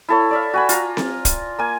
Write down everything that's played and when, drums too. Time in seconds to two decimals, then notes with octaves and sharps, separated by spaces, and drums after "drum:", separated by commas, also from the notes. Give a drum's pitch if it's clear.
0.09 E4 A4 C#5
0.31 D5 E5 F5
0.53 F#4 G#5 B5
0.69 F4 A#5, drum: hi-hat
0.97 drum: snare C4
1.25 drum: kick, hi-hat
1.59 A#3 G#5